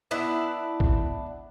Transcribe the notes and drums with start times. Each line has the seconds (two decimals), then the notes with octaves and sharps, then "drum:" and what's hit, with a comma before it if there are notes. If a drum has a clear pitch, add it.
0.11 B3 D4 E4 B4
0.80 drum: kick